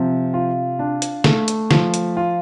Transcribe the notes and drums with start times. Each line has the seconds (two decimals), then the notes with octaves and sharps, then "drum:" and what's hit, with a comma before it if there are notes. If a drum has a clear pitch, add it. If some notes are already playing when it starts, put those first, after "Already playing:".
Already playing: C3 F3
0.34 F4
0.79 D4
1.02 drum: hi-hat
1.24 A3, drum: snare
1.48 drum: hi-hat
1.71 F3, drum: snare
1.94 drum: hi-hat
2.17 F4